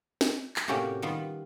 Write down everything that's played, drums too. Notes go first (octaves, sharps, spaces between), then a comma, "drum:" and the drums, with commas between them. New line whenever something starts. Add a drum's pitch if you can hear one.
drum: snare
drum: clap
A2 C3 A#3 C#4 F#4 G4
D#3 G3 B3 F4